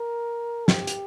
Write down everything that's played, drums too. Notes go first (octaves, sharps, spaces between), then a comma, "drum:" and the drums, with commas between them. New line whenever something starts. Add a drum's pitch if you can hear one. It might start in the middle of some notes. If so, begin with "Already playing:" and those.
Already playing: A#4
G4, drum: snare
drum: hi-hat